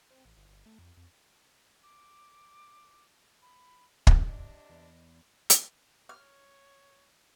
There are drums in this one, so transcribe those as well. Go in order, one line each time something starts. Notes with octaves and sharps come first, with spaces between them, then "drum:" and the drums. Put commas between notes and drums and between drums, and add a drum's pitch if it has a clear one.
C4
A1
G1
G1
A3
F2
F2
D6
B5
drum: kick
C3 D4 D#5
E2
drum: hi-hat
C#5 F6